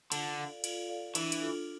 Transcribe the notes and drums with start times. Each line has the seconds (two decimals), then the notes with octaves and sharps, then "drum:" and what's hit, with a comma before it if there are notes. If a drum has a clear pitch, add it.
0.12 D3 F4, drum: cymbal
0.37 A4 D5 F5
0.64 F4, drum: cymbal
0.89 A4 D5 F5
1.15 E3 D4, drum: cymbal
1.32 drum: cymbal
1.41 F4 A4